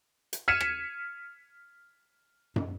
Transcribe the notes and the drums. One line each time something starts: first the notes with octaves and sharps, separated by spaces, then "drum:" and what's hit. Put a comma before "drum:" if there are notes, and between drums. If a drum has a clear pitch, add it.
drum: hi-hat
F6 G#6 B6 C#7 D#7 E7
drum: rim click
drum: tom